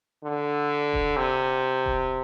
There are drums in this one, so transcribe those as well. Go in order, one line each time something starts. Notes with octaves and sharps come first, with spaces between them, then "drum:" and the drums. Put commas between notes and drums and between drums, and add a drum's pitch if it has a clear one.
D3
drum: kick D#1
C3
drum: kick D#1